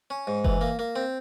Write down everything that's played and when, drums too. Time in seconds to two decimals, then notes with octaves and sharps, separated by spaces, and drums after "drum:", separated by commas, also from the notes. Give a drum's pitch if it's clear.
0.10 C#4
0.27 G#2
0.45 E3, drum: kick F#1
0.61 A#3
0.79 A#3
0.96 C4